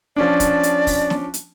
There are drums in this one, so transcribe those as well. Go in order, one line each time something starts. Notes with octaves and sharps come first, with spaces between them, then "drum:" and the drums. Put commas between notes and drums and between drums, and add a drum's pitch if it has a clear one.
F3 C#4 D4 D5
drum: kick, hi-hat
drum: hi-hat
drum: kick, open hi-hat
drum: snare
drum: hi-hat